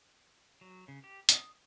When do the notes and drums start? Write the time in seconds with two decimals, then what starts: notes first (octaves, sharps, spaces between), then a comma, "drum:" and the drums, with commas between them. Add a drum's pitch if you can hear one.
0.61 F#3
0.88 C#3
1.04 G4
1.29 D#6, drum: hi-hat